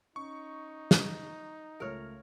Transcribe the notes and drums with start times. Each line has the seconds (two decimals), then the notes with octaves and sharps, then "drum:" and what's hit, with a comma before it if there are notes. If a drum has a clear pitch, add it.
0.16 C#4 D#4 C#6
0.91 drum: snare
1.80 C#2 A3 A#4 C#5 F6